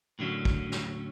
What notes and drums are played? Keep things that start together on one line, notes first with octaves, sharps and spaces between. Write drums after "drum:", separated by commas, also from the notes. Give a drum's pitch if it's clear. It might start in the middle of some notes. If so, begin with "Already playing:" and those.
A2 D3 F#3 C#4
drum: kick
drum: snare